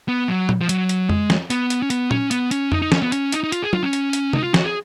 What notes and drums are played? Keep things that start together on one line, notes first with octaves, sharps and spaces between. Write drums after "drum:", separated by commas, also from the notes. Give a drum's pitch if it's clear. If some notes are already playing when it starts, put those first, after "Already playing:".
B3
F#3
drum: tom A#2
F3
F#3, drum: hi-hat
drum: hi-hat
G#3, drum: tom F2
drum: snare
B3, drum: hi-hat
drum: hi-hat
C#4
B3, drum: hi-hat
C#4, drum: tom A#2
B3, drum: hi-hat
C#4, drum: hi-hat
D#4, drum: tom F2
D#4
C#4, drum: snare
B3
C#4, drum: hi-hat
D#4, drum: hi-hat
D#4
F4, drum: hi-hat
G#4
F4, drum: tom
C#4
drum: hi-hat
drum: hi-hat
D#4, drum: tom C3
F4
F#4, drum: snare
G#4